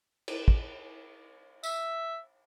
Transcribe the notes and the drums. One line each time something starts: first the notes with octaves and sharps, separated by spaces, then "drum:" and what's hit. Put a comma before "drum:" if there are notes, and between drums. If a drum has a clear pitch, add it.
drum: cymbal
drum: kick
E5, drum: tambourine